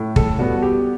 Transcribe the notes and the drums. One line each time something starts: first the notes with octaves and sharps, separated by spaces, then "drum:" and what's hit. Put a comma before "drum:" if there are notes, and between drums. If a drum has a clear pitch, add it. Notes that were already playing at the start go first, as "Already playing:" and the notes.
Already playing: A2
A4, drum: kick
G3 B3 F#4
G4